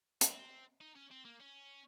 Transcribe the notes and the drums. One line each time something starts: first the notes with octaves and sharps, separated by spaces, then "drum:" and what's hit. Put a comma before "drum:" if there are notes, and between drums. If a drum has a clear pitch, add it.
C4, drum: hi-hat
D#4
C#4
C4
A#3
C#4